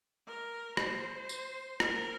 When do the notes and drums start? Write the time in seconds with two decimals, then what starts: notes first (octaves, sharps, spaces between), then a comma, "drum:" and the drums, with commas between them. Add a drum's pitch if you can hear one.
0.27 A#4
0.77 C5, drum: rim click
1.29 drum: tambourine
1.80 A#4, drum: rim click